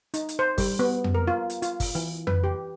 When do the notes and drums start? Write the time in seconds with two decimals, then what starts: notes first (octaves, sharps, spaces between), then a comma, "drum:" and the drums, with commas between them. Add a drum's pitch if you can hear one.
0.14 D#4, drum: hi-hat
0.29 drum: hi-hat
0.39 C5
0.58 G3, drum: kick G1, open hi-hat
0.79 B3
1.04 drum: tom F2
1.15 A#4
1.27 F4
1.50 drum: hi-hat
1.62 F4, drum: hi-hat
1.80 drum: kick G1, open hi-hat
1.95 E3, drum: hi-hat
2.27 B4, drum: tom F2
2.44 G4